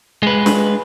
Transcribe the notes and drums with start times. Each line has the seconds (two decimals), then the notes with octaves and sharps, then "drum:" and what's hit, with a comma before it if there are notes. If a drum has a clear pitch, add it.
0.23 G#3 B4
0.46 drum: snare